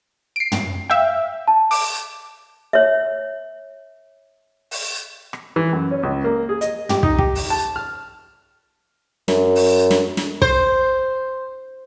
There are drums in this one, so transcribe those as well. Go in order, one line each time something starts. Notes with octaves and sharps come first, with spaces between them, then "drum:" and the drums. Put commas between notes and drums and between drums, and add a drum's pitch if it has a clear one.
C7 D7
drum: tom
E5 F5 G5
A5
D6, drum: open hi-hat
C#5 E5
drum: open hi-hat
drum: rim click
E3
F#2
C#4
C#2
A#3
G#4
D#5, drum: hi-hat
G4, drum: tom
D#4, drum: kick
G4, drum: kick
drum: open hi-hat
A5
F6
F#2, drum: snare
drum: open hi-hat
drum: snare
drum: snare
C5, drum: kick